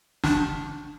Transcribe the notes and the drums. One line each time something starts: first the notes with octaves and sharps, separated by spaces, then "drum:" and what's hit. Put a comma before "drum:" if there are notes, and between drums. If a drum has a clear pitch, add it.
D4, drum: snare